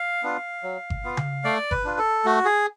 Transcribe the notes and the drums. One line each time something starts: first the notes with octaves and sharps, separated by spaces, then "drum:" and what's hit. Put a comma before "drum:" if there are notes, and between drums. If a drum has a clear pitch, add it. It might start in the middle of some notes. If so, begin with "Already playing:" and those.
Already playing: F5
B3 D4 F4
F#3
drum: kick G1
B3 F4
drum: tom C#3
A3 D5
B4, drum: kick G1
D4 F4
A4
A3 F#4
G#4